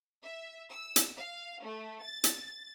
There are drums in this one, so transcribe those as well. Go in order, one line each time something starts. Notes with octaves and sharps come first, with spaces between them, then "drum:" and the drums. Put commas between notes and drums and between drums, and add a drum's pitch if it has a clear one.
E5
E6
drum: hi-hat
F5
A3
A6
drum: hi-hat